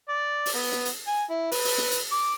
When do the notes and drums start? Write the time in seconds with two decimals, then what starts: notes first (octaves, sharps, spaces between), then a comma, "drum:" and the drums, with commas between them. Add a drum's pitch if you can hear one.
0.09 D5
0.46 drum: open hi-hat
0.55 B3
0.72 drum: snare
0.85 drum: hi-hat
1.07 G#5
1.30 E4
1.52 B4, drum: open hi-hat
1.65 drum: open hi-hat
1.78 drum: snare
1.91 drum: hi-hat
2.12 D6